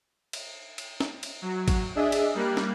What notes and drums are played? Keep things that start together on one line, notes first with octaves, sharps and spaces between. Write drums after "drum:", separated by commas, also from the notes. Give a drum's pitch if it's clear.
drum: cymbal
drum: cymbal
drum: snare
drum: cymbal
F#3
drum: kick G#1, cymbal
D4 G#4 D#5 E5
drum: cymbal
G3 A#3 F#6
drum: snare